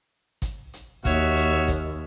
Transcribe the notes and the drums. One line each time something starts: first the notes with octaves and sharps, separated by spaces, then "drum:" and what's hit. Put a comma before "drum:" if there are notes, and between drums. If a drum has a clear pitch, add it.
drum: kick G#1, hi-hat
drum: hi-hat
D#2 F#4 C#5 E5, drum: kick G#1, hi-hat
drum: hi-hat
drum: kick G#1, hi-hat